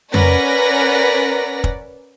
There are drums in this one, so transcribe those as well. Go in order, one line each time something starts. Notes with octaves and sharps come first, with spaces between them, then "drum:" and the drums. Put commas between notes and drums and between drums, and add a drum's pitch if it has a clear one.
C#4 A#4 B4 D5 F#5 A#6, drum: tom F2
drum: kick